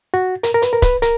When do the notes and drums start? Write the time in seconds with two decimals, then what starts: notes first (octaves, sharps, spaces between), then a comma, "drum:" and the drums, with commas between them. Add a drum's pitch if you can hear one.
0.14 F#4
0.43 A#4, drum: hi-hat
0.54 A#4
0.62 B4, drum: hi-hat
0.73 A#4
0.82 B4, drum: kick C#1, hi-hat
1.02 A#4, drum: hi-hat